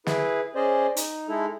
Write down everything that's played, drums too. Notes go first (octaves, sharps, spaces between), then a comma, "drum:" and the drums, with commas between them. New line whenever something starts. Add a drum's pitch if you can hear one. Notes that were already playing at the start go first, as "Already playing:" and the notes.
E4 G#4 B4, drum: snare
C#4 G#4 C5 D5 D#5
D#4, drum: hi-hat
G#3 D#4 E4 A4